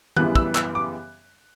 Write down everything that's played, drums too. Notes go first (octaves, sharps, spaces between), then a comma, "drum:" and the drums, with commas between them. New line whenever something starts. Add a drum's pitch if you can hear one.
F#2 C#3 E3 G3 B3 F#6, drum: tom D#3
E6, drum: kick
E6, drum: clap
D6